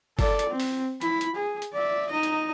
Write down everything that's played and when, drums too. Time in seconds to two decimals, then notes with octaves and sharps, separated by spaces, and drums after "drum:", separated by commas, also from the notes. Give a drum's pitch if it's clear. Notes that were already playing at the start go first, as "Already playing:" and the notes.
0.19 A4 D5, drum: kick, open hi-hat
0.39 drum: hi-hat
0.49 C4
0.60 drum: open hi-hat
1.01 E4 B5, drum: hi-hat
1.21 drum: hi-hat
1.36 G#4
1.62 drum: hi-hat
1.74 D5 E5
2.09 D#4 D#5
2.23 drum: hi-hat